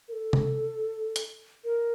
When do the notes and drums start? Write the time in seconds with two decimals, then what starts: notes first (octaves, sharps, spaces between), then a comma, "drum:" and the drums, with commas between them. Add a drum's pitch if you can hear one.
0.08 A#4
0.12 A4
0.33 drum: tom C3
1.16 drum: hi-hat
1.64 A#4